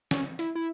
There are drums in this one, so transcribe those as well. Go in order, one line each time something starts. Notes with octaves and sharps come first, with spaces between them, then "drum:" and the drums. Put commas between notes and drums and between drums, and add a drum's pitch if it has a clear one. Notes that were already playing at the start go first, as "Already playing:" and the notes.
C#4, drum: snare
E4, drum: hi-hat
E4